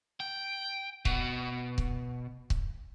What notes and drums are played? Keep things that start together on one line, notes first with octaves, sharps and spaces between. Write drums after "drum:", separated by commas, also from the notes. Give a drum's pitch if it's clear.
G5
B2, drum: kick C#1
drum: kick C#1
drum: kick C#1